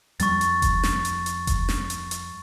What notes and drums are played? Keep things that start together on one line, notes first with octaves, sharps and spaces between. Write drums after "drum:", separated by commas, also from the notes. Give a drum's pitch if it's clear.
F2 G3 C#6 A6, drum: hi-hat
drum: hi-hat
drum: kick F1, hi-hat
drum: snare
drum: hi-hat
drum: hi-hat
drum: kick F1, hi-hat
drum: snare
drum: hi-hat
drum: hi-hat